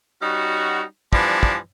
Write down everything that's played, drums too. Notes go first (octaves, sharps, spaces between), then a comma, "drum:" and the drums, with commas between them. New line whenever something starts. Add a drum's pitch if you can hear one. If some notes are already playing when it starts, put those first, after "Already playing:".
G3 C#4 D#4 F#4
E3 F3 G3 B3 D4, drum: kick
drum: kick